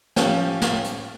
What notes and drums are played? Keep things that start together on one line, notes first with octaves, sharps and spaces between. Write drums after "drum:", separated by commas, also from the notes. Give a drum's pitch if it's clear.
F3 C#4 G4, drum: snare
drum: snare
drum: hi-hat